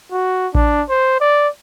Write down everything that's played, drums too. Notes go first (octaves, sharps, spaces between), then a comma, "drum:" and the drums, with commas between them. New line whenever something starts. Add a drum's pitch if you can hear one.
F#4
D4, drum: kick A1
C5
D5